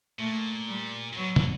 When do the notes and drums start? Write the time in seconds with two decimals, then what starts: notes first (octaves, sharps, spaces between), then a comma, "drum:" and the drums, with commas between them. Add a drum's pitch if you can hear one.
0.19 A#2 A3
0.69 G3
1.13 A#2
1.17 B2 F#3
1.36 D3, drum: tom